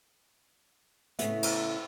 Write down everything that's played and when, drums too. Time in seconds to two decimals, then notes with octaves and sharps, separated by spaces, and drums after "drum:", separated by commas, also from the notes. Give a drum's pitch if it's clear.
1.19 A2 C#3 B3 E5, drum: hi-hat
1.43 drum: cymbal